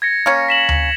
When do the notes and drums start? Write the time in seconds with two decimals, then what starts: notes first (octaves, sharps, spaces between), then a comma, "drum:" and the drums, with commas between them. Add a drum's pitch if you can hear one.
0.02 G#6 A#6 C#7
0.26 A#3 C#4
0.49 B6 E7 F#7
0.69 drum: tom D2